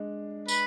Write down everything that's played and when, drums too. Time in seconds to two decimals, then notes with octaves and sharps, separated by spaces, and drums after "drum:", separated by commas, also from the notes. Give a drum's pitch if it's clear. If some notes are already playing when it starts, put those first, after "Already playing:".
Already playing: G#3 D4
0.48 B4, drum: tambourine